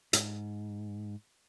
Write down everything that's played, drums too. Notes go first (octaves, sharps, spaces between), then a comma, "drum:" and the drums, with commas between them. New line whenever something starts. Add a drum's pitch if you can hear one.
G#2, drum: hi-hat